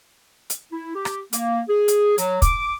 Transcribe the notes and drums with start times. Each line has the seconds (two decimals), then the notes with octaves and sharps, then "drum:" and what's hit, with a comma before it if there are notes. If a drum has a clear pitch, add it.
0.50 drum: hi-hat
0.73 E4
0.95 G4
1.05 drum: rim click
1.33 A#3, drum: hi-hat
1.69 G#4
1.88 drum: hi-hat
2.18 F#3, drum: hi-hat
2.42 D6, drum: kick, hi-hat